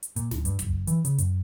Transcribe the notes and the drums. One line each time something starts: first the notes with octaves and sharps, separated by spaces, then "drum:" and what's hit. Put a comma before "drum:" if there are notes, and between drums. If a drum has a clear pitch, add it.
drum: hi-hat
A#2, drum: hi-hat
D1, drum: snare
G2, drum: hi-hat
F#1, drum: kick, hi-hat
E3, drum: hi-hat
C#3, drum: hi-hat
F#2, drum: hi-hat